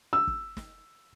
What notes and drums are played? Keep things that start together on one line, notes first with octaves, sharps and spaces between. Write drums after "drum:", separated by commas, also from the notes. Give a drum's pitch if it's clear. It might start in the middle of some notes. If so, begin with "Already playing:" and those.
E6
drum: kick
drum: snare